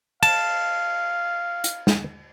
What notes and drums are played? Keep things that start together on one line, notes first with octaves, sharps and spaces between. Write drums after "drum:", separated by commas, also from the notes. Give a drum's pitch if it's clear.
F5 A5, drum: cymbal
drum: hi-hat
drum: snare